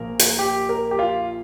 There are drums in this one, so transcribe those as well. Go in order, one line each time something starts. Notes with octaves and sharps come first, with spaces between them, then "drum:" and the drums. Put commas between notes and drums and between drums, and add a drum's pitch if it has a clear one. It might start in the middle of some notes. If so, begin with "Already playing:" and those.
Already playing: A#1 A#2 F3 A#3 A#4
drum: hi-hat
G4
A#4
G4
F4